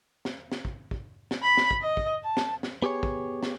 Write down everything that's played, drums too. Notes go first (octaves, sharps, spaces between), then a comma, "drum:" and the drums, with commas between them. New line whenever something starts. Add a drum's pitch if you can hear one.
drum: snare
drum: snare
drum: kick
drum: kick
drum: snare
B5
drum: snare
drum: kick
D#5
drum: kick
A5
drum: snare
drum: snare
B3 G4 G#4 C#5
drum: kick
drum: snare